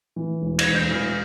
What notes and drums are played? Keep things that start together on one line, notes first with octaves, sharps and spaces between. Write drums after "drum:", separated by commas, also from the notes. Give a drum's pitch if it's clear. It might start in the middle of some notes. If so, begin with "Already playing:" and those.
E3
E1
G#6, drum: cymbal
E1
G6
E3 F6